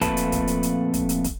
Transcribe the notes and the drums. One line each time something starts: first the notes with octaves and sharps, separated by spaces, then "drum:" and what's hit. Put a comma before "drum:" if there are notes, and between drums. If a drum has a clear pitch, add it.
F2 A#2 A3 B4 A5, drum: kick, hi-hat
drum: hi-hat
drum: kick, hi-hat
drum: hi-hat
drum: hi-hat
drum: kick, hi-hat
drum: hi-hat
drum: kick, hi-hat